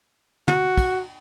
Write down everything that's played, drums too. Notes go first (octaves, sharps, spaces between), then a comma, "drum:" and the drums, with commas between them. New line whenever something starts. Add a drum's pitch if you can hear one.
F#4, drum: tom
drum: kick, cymbal